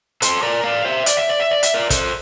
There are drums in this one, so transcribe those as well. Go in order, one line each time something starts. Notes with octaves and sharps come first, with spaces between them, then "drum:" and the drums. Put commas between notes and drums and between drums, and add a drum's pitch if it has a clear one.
A4 C5, drum: hi-hat
A#4 D5
D5 F5
C5 E5
D5, drum: hi-hat
E5
D5
E5
D5
E5, drum: hi-hat
A#4 D5
A4 C5, drum: kick, hi-hat